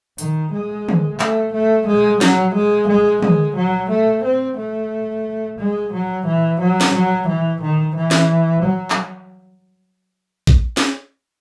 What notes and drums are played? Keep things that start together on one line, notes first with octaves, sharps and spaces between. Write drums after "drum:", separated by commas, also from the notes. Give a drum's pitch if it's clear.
D#3, drum: hi-hat
G#3
drum: tom
A3, drum: clap
A3
G#3
F#3, drum: snare
G#3
G#3
G#3, drum: tom
F#3
A3
C4
A3
G#3
F#3
E3
F#3
drum: snare
F#3
E3
D#3
E3
drum: snare
F#3
drum: clap
drum: kick A#1
drum: snare